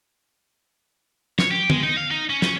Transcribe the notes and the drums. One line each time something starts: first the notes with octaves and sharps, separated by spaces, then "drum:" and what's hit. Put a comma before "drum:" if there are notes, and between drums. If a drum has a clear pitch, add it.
C#5, drum: snare
G4
G#3, drum: tom D3
D#4
F5
D#4
C#4
C#4, drum: snare